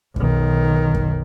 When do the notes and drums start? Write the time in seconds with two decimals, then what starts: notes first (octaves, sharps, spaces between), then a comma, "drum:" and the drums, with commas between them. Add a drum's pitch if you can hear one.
0.16 B1 D#3, drum: kick F#2
0.95 drum: kick F#2